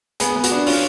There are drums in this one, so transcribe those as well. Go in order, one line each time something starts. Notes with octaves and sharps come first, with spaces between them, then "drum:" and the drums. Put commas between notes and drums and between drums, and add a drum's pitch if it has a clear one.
B3 G#4, drum: hi-hat
B3
F#4, drum: hi-hat
D4
C#4 F4, drum: open hi-hat